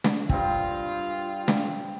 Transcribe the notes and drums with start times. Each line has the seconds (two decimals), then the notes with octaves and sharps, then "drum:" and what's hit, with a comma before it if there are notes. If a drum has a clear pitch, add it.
0.04 drum: snare
0.29 G2 C4 F4, drum: kick
1.48 drum: snare